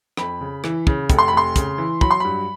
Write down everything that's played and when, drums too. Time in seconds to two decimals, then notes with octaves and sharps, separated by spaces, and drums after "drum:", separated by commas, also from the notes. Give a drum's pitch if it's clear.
0.17 F2 B5, drum: rim click
0.41 C#3
0.64 E3, drum: rim click
0.87 C#3, drum: kick
1.10 F1, drum: kick, hi-hat
1.19 C6
1.28 B5
1.33 F1 C6
1.56 C#3, drum: kick, hi-hat
1.78 E3
2.01 F#3 B5, drum: kick
2.11 C6
2.20 G2 B5